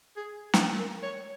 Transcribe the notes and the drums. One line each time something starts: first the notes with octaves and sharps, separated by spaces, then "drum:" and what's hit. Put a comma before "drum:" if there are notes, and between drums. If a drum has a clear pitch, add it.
G#4
drum: snare
A#4
C#5